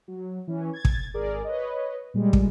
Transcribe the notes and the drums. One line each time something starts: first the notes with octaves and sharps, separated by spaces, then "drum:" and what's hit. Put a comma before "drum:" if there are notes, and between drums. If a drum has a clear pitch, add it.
F#3
E3 C#4
G#6 A6
drum: kick
G#1 G#4 A#4 D5
B4 C#5 D#5
A#2 G3 G#3
drum: kick